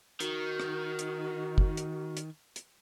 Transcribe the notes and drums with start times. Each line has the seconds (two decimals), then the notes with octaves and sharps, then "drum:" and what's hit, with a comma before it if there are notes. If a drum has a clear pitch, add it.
0.20 D#3 F#4, drum: hi-hat
0.60 drum: rim click
0.99 drum: hi-hat
1.58 drum: kick
1.77 drum: hi-hat
2.17 drum: hi-hat
2.56 drum: hi-hat